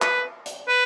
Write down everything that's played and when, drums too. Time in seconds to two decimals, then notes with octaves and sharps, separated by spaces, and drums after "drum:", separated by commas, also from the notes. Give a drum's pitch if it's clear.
0.02 B4, drum: clap
0.46 drum: hi-hat
0.68 B4